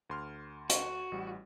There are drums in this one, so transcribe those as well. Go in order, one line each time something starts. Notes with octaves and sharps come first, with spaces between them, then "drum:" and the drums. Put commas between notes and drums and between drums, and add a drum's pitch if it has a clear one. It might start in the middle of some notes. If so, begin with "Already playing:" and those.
D2 C6 F6
F#4, drum: hi-hat
A1 G3